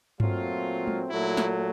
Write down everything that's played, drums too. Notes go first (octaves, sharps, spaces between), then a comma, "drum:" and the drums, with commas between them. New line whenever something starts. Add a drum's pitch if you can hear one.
A#2 F#3 A3 C4 F4, drum: tom G2
drum: tom
A#2 F#3 A3 E4
drum: snare